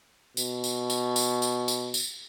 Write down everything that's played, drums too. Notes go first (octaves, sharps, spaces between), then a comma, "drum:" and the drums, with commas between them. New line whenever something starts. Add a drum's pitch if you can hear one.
B2, drum: tambourine
drum: tambourine
drum: tambourine
drum: tambourine
drum: tambourine
drum: tambourine
drum: tambourine